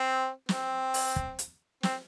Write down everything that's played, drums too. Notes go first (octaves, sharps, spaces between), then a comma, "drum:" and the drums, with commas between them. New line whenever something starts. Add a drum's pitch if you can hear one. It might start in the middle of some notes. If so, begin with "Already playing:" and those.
Already playing: C4
C4, drum: snare
drum: open hi-hat
drum: kick
drum: hi-hat
C4, drum: snare